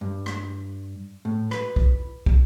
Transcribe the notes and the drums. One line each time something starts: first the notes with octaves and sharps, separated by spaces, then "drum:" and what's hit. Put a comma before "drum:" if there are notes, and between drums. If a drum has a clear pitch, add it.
G2
drum: rim click
A2
B4, drum: rim click
drum: kick
drum: kick